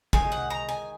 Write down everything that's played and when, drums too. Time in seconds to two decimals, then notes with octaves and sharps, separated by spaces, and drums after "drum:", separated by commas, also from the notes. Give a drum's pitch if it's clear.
0.13 D#3 G#3 G#5, drum: kick
0.32 F#5
0.50 A#5
0.69 G#5